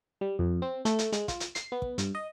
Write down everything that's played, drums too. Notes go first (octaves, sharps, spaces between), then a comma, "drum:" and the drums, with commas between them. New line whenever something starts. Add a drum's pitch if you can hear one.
G3
F2
C4
A3, drum: hi-hat
drum: hi-hat
G#3, drum: hi-hat
F4, drum: kick, hi-hat
drum: hi-hat
C7, drum: hi-hat
B3
drum: kick
G2, drum: hi-hat
D#5